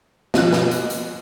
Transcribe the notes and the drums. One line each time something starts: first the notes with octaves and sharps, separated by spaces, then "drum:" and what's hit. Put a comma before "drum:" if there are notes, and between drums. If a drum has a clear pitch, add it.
B2 F3 F#6, drum: snare
drum: snare
drum: hi-hat
drum: hi-hat